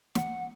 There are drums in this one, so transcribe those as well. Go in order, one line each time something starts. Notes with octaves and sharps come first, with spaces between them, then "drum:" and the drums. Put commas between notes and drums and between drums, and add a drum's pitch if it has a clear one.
F#5, drum: snare